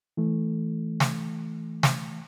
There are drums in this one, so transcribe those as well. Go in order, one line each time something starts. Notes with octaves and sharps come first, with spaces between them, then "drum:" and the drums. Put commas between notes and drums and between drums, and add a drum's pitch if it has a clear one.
E3 A3
drum: snare
drum: snare